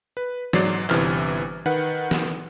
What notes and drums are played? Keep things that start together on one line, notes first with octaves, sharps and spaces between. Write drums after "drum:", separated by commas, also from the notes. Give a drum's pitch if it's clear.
B4
G#2 F#3 D5 C7, drum: snare
G1 C3 E3 F6, drum: clap
D#3 B4 F#5
drum: snare